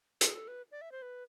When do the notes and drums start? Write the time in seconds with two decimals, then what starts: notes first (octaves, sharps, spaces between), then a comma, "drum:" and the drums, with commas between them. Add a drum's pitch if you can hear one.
0.21 G#4, drum: hi-hat
0.34 A4
0.48 B4
0.72 D5
0.81 E5
0.92 C5
1.02 B4